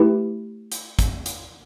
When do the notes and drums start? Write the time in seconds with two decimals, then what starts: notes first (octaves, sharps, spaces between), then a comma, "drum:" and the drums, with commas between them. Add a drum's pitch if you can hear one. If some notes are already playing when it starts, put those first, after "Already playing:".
Already playing: A3 E4 G4 B4
0.72 drum: hi-hat
0.99 drum: kick, hi-hat
1.26 drum: hi-hat